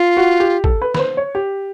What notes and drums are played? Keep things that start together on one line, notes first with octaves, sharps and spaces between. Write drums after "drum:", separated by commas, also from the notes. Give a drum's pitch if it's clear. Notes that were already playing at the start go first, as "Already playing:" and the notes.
Already playing: F4
F#4
G4
A4, drum: kick A1
B4
B4, drum: snare
C5
C#5
G4